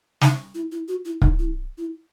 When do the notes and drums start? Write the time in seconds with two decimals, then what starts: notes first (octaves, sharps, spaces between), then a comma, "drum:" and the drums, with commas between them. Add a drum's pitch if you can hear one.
0.21 D#4, drum: snare
0.55 E4
0.72 E4
0.88 F#4
1.05 E4
1.22 D#4, drum: kick
1.39 E4
1.78 E4